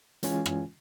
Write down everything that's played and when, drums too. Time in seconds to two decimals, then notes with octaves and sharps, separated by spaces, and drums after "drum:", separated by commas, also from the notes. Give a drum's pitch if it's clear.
0.23 E3 G#3 C#4 F4 G#5, drum: hi-hat
0.46 drum: rim click